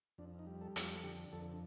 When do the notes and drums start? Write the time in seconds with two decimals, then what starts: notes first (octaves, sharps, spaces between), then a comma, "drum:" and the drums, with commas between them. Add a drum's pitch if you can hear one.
0.18 F2 D4
0.39 D#4
0.47 G3
0.61 A4
0.76 F2, drum: hi-hat
0.82 F4
0.93 A4
1.03 D3 G4
1.33 F2 A4